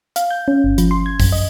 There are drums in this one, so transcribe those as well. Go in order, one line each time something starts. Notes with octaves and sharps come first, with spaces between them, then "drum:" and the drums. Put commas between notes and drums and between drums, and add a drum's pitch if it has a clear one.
F5, drum: hi-hat
G6
C#4
G1
F3, drum: hi-hat
C6
G#6
F#2, drum: kick A#1, open hi-hat
D#5